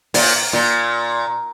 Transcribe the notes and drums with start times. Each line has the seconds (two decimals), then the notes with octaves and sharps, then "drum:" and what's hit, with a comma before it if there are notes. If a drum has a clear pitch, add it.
0.14 A#2, drum: open hi-hat
0.53 A#2